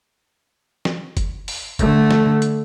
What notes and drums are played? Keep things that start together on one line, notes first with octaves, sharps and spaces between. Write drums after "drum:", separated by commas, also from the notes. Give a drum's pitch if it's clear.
drum: snare
drum: kick, hi-hat
drum: open hi-hat
D3 A3, drum: kick, hi-hat
drum: snare
drum: hi-hat